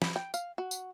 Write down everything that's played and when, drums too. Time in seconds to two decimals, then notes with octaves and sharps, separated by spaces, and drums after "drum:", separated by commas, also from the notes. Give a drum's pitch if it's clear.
0.02 B5, drum: snare
0.16 G5
0.34 F5, drum: tambourine
0.58 F#4
0.71 drum: tambourine